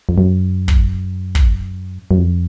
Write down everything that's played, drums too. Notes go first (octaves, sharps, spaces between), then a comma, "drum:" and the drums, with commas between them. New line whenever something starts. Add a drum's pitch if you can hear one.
F2
F#2
drum: kick
drum: kick
F#2
F2